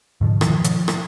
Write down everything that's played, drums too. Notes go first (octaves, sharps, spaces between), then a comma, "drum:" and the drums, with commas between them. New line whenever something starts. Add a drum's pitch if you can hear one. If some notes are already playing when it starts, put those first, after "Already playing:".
G#2 B2 D3 F3
D#3 F3, drum: rim click
drum: hi-hat
drum: rim click